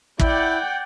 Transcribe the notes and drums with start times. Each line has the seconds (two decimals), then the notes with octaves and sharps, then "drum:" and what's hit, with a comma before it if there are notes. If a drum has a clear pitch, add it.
0.19 E4 D5 F#5 G5, drum: kick